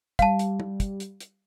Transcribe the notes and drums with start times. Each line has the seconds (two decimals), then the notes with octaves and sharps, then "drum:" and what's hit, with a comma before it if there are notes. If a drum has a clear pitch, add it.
0.19 G3 F5 A5, drum: kick, hi-hat
0.39 drum: hi-hat
0.60 drum: tom
0.80 drum: kick, hi-hat
1.00 drum: hi-hat
1.20 drum: hi-hat